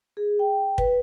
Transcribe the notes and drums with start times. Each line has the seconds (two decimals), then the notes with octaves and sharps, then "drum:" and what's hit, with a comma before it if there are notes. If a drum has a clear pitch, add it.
0.17 G#4
0.39 G5
0.78 B4, drum: kick